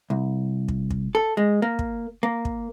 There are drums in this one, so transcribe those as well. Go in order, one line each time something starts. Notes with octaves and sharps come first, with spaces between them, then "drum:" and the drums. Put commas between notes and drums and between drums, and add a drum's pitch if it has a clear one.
C2
drum: kick
drum: kick
A4
G#3
A#3
drum: kick
A#3
drum: kick